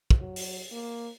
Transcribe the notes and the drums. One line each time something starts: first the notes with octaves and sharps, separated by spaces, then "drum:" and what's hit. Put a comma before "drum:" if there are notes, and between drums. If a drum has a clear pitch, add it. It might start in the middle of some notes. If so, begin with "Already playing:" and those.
drum: kick
F#3
drum: open hi-hat
A#3